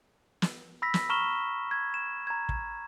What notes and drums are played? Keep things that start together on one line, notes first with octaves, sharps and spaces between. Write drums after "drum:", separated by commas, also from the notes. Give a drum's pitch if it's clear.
drum: snare
B5 E6 A#6 B6
drum: snare
A#5 B5 C#6 F6 E7 G7
G#6
E7
A#5 G#6
drum: kick